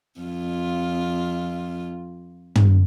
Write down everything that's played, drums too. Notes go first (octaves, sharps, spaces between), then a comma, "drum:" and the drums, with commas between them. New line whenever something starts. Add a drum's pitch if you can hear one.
F2 F4
drum: tom